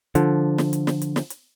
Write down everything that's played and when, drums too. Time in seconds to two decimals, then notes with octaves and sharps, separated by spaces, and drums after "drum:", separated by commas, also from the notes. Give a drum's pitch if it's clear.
0.15 D3 F3, drum: hi-hat
0.58 drum: snare
0.73 drum: hi-hat
0.87 drum: snare
1.02 drum: hi-hat
1.16 drum: snare
1.30 drum: hi-hat